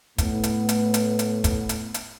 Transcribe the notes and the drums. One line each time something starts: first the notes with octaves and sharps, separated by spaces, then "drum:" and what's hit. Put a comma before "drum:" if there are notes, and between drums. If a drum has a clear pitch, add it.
A2 B3, drum: kick, hi-hat
drum: hi-hat
drum: hi-hat
drum: hi-hat
drum: hi-hat
drum: kick, hi-hat
drum: hi-hat
drum: hi-hat